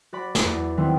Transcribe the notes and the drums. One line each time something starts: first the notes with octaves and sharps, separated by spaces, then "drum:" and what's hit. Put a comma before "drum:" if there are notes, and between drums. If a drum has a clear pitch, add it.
F#4 D5 B5
drum: snare
E2
D#3 E3 G3 B3 C4 E4